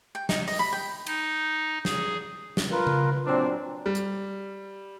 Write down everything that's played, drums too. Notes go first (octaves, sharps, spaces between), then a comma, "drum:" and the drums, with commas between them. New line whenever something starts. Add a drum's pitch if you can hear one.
G5
D#4, drum: snare
D#5, drum: open hi-hat
B5
G5
D#4, drum: cymbal
G#4, drum: snare
drum: snare
F4 A#4 B4
drum: tom C#3
A#2 F#3 C4 D4
G3
drum: hi-hat